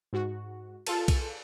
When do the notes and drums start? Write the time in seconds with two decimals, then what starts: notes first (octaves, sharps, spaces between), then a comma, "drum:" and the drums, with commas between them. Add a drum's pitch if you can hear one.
0.13 G#2 F#4
0.87 F4 A4 A5, drum: cymbal
1.08 drum: kick B1, cymbal